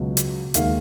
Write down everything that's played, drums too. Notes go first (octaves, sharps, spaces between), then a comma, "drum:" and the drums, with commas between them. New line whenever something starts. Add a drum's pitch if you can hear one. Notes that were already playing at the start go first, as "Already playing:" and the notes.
Already playing: C#2 B2 F#3
drum: hi-hat
D#2 D#3 G#3 F5, drum: hi-hat